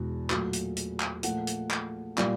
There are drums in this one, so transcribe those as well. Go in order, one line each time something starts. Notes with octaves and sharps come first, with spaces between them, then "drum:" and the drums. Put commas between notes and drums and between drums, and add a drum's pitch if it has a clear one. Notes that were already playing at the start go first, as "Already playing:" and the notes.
Already playing: E2 B2 G#3
A#2 F#3 A3, drum: clap
drum: hi-hat
drum: hi-hat
drum: clap
A#2 F3 A3 F#5, drum: hi-hat
drum: hi-hat
drum: clap
A#2 G3 D5, drum: clap